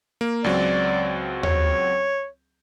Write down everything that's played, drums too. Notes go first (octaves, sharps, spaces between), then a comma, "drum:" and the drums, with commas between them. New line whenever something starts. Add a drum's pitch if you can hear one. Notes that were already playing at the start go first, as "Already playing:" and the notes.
A#3
C#2 F#3 C4 D5
C#5, drum: tom D#2